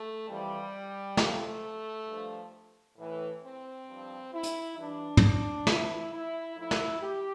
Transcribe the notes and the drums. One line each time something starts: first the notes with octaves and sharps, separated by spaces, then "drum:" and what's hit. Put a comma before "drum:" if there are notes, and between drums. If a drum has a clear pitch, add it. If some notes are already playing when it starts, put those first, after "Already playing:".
Already playing: A3
F2 E3 G3
F2 C3 F3 A3, drum: snare
G2 F3
A2 E3
C4
G2 F3
E4
drum: hi-hat
G2 E3 D4
drum: tom
A2 E3 E4, drum: snare
E4
A2 F3 E4
drum: snare
G4